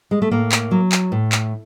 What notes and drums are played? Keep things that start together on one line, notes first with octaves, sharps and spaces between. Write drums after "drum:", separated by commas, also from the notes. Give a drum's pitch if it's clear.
G#3
A3
A2 A#3
drum: clap
F#3
drum: clap
A2
drum: clap